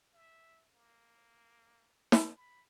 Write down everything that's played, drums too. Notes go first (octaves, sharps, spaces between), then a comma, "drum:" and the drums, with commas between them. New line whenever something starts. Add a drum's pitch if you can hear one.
E5
A#3
drum: snare
B5